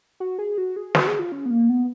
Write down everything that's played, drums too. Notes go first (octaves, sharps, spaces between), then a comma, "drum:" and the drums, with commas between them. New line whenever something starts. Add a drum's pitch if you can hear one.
F#4
G#4
F#4
G#4
F#4, drum: snare
G#4
F4
C#4
B3
A#3
B3